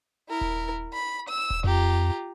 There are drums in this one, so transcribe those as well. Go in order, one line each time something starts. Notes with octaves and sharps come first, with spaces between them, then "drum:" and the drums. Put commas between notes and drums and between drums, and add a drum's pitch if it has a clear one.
E4 A#4
drum: kick D#1
B5
E6
drum: kick D#1
F2 F4 G4 A#5